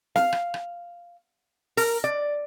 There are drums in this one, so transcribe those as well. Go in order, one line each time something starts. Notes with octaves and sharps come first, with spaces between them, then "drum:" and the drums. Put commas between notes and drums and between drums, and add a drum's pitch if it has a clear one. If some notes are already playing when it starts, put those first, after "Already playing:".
F5, drum: snare
drum: rim click
drum: rim click
A#4, drum: open hi-hat
D5